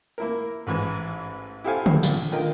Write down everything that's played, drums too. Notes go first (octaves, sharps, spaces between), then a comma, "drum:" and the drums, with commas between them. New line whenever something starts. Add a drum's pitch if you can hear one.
A#3 E4 A#4
A1 G#2 E3
E4 G4 A4 C5 F5 G#5
drum: tom D3
A#1, drum: tambourine
D3 D#3 F4 A#4 D#5 G5